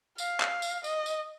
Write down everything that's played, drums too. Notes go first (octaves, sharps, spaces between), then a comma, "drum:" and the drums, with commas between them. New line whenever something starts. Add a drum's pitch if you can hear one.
F5, drum: tambourine
drum: clap
drum: tambourine
D#5, drum: tambourine
drum: tambourine